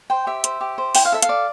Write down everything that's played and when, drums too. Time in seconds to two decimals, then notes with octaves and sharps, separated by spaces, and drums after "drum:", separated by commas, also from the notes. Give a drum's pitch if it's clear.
0.10 C5 G5
0.27 G4 E5
0.44 C5, drum: hi-hat
0.61 G4
0.78 C5
0.95 E4 G5, drum: open hi-hat
1.05 F5
1.12 A4 E5
1.22 F5, drum: hi-hat
1.29 D5